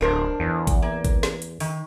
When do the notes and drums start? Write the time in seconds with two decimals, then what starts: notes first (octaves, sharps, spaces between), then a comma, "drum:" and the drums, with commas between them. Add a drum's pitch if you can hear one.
0.01 D1 D4 A#4 C5
0.40 E2
0.67 drum: kick G#1, hi-hat
0.82 A#3
1.05 drum: kick G#1, hi-hat
1.23 drum: snare
1.42 drum: hi-hat
1.60 D#3, drum: open hi-hat